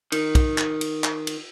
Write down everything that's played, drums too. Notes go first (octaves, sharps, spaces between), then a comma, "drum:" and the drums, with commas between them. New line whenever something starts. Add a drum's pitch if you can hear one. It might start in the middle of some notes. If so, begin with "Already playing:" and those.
D#3, drum: cymbal
drum: kick, cymbal
drum: clap
drum: cymbal
drum: clap
drum: cymbal